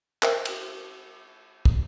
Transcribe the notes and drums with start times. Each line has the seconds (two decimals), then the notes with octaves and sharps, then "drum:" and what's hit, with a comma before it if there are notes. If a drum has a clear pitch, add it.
0.23 A#4 C5 E5 G5, drum: clap
0.45 drum: cymbal
1.65 drum: kick